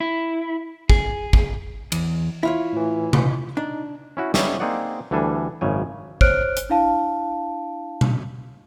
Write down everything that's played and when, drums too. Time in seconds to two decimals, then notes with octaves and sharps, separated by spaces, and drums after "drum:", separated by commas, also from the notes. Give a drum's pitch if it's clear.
0.01 E4
0.90 G#4, drum: kick
1.33 drum: kick
1.92 E2, drum: cymbal
2.43 E4 F4 C#5
2.73 A2 E3
3.13 drum: tom C3
3.57 D4 D#4
4.17 C#4 E4 F#4
4.34 G3 B3 C#4 D#4 C#5 E5, drum: snare
4.60 A#3 C4 D#4 G#4 D5 F#5
5.11 D2 E3 G3 D4 A4 G#5
5.61 G#1 F#2 C#3 G#5
6.21 C5 C#5 F6 F#6 D7, drum: kick
6.57 drum: hi-hat
6.69 D4 E4 F5 A5
8.01 drum: tom B2